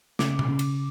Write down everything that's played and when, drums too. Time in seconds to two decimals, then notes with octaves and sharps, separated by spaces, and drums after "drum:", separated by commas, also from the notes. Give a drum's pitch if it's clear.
0.19 C#3 D6, drum: snare
0.39 drum: tom B2
0.49 C#3
0.59 drum: cymbal